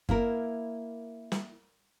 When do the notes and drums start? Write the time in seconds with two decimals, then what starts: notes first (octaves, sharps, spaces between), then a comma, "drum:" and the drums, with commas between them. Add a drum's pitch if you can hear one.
0.09 A#3 E4 A#4, drum: kick F#1
1.32 drum: snare